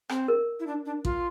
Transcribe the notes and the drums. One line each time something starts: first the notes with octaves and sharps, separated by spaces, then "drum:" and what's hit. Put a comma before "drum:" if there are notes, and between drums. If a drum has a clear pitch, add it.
C4, drum: rim click
A#4
E4
D4
D4
F4, drum: kick A1